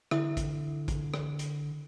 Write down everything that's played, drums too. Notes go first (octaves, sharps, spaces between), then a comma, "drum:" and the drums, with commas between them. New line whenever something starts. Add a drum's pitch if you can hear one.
D3 E4 E5 D#6, drum: rim click
drum: kick, hi-hat
drum: kick, hi-hat
drum: rim click
drum: hi-hat